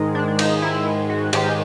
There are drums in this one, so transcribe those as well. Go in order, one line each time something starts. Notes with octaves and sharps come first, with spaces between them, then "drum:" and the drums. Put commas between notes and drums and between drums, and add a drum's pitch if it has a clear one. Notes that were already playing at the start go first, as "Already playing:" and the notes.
Already playing: G#2 D#3 G#3
D4
D4
D#4, drum: cymbal
E4
F#4
G#2 D#3 G#3 G4, drum: cymbal